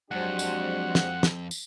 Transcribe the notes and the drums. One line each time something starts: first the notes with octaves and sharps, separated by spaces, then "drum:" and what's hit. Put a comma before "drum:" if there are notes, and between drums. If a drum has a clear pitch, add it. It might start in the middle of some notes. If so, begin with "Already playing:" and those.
F2 F#3 G#3 D4 F#4 G4 C5 F#5
drum: tambourine
drum: snare
drum: snare
drum: tambourine